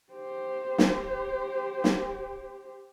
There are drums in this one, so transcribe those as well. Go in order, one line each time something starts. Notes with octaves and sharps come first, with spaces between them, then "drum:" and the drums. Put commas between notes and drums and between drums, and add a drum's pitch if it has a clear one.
G4 C5
drum: snare
drum: snare